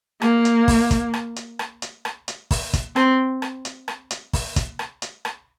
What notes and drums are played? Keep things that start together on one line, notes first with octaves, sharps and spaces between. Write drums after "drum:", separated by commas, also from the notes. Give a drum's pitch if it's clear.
A#3, drum: rim click
drum: hi-hat
drum: kick, open hi-hat
drum: kick, hi-hat
drum: rim click
drum: hi-hat
drum: rim click
drum: hi-hat
drum: rim click
drum: hi-hat
drum: kick, open hi-hat
drum: kick, hi-hat
C4, drum: rim click
drum: rim click
drum: hi-hat
drum: rim click
drum: hi-hat
drum: kick, open hi-hat
drum: kick, hi-hat
drum: rim click
drum: hi-hat
drum: rim click